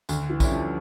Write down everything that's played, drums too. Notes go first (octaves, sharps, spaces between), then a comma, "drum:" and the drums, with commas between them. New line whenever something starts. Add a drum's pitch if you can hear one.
D2 D3, drum: tambourine
E3
D3 G3 C#4 E4, drum: kick A#1, tambourine
F3